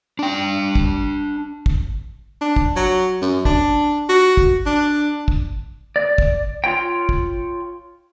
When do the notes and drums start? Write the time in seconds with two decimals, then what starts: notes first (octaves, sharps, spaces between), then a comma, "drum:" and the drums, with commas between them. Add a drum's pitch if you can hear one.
0.19 D4 G5
0.75 drum: kick
1.66 drum: kick
2.41 D4
2.56 drum: kick
2.76 F#3
3.22 F#2
3.45 D4, drum: kick
4.09 F#4
4.37 drum: kick
4.66 D4
5.28 drum: kick
5.96 D5
6.18 drum: kick
6.64 F4 C#5 G5
7.09 drum: kick